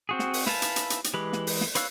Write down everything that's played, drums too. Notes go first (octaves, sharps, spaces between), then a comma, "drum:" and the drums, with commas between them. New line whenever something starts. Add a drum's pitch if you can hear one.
C4 F#4 G#4
drum: snare
drum: open hi-hat
E4 B4 F5 G#5 A5, drum: snare
drum: hi-hat
drum: hi-hat
drum: hi-hat
drum: hi-hat
E3 G#3 G4 B4
drum: snare
drum: open hi-hat
drum: snare
B4 C#5 F5 E6 F#6, drum: hi-hat